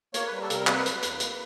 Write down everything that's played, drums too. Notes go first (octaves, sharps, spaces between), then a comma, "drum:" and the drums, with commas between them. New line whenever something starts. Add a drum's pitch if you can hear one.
A#3 C#5, drum: hi-hat
G3 B4
A4
C3 A#4, drum: hi-hat
A#3 B4, drum: clap
F#3, drum: hi-hat
D#2, drum: hi-hat
A#3, drum: hi-hat